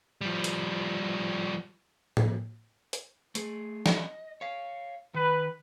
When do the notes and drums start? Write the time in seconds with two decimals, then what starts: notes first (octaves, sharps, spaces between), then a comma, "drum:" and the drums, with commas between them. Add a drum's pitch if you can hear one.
0.21 F3 G3
0.44 drum: hi-hat
2.17 drum: tom A2
2.93 drum: hi-hat
3.35 A3 G#4, drum: hi-hat
3.86 D#5, drum: snare
4.41 C#5 F5
5.14 D#3 B4